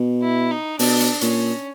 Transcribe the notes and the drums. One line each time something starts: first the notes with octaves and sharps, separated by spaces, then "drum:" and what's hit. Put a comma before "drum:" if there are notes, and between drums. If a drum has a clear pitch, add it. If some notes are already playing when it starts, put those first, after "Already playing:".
Already playing: B2
E4
D#4
B2 D4, drum: open hi-hat
drum: hi-hat
A#2 C#4, drum: hi-hat